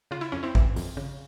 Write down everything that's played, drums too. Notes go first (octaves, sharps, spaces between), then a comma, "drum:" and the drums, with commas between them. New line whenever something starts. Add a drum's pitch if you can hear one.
C#3 F4
E4
F2 C#4
C4 E4
E3, drum: kick
F2, drum: open hi-hat
C#3